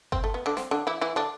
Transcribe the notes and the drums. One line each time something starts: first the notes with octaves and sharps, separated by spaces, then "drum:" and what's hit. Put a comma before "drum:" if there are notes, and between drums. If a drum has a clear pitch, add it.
C4, drum: kick G1
A3
B3
D3 D4
C4, drum: snare
D3 D4
E3 E4
E3 E4
D3 D4